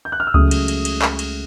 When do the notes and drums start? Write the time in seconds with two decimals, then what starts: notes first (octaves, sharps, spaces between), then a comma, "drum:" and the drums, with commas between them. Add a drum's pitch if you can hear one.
0.05 G6
0.12 F#6
0.20 F6
0.27 E6
0.34 C#2 C#3 F#3 A3 D#6, drum: kick C#2
0.51 drum: cymbal
0.68 drum: cymbal
0.85 drum: cymbal
1.02 drum: clap
1.19 drum: cymbal